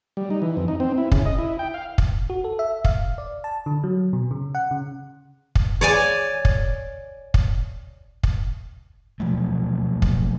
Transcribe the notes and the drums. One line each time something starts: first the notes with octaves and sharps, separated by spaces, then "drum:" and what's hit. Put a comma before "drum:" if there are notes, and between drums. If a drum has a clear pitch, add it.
G3
D#4
E3
F2
D#4
C4
E4
C#3, drum: kick
D#5
E4
G5
F5
drum: kick
F#4
A4
E5
F5, drum: kick
D5
A5
D3
F#3
B2
C#3
F#5
C#3
drum: kick
C#5 D5 G#5
drum: kick
drum: kick
drum: kick
B2 F3 F#3 A3
drum: kick